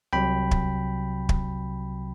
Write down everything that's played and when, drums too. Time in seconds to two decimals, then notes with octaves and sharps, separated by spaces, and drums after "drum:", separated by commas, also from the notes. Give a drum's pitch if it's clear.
0.13 C2 C3 F#3 G5 B5
0.51 drum: kick
1.29 drum: kick